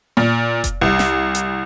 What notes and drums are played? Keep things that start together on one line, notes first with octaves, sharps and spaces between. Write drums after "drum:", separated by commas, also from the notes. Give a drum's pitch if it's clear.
A#2
drum: kick F1, hi-hat
C2
drum: snare
drum: hi-hat